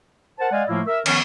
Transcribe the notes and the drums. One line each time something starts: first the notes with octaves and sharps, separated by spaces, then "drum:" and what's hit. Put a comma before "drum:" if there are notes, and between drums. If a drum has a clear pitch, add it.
A#4 C5 F#5 A5
G#3 D5 D#5 F5 F#5 G#5
A2 F3 A3 A#3 E4 F4
A#4 E5
D#3 F3 B3 C#4, drum: cymbal